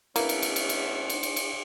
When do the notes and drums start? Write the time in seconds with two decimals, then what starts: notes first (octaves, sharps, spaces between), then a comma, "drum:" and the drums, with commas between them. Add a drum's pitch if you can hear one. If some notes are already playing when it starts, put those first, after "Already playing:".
0.16 B2 A3 A#3 C#4 E4 B4, drum: cymbal
0.29 drum: cymbal
0.42 drum: cymbal
0.56 drum: cymbal
0.69 drum: cymbal
1.10 drum: cymbal
1.23 drum: cymbal
1.36 drum: cymbal